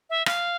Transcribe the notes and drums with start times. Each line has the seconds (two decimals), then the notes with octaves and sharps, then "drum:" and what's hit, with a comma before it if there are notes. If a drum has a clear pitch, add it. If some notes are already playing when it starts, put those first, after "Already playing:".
0.10 E5
0.26 F5, drum: rim click